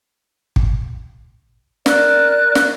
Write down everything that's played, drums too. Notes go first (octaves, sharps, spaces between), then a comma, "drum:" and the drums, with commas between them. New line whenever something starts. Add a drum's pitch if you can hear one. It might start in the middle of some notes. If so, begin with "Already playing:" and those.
drum: kick
A#4 D5 F#6, drum: snare
drum: snare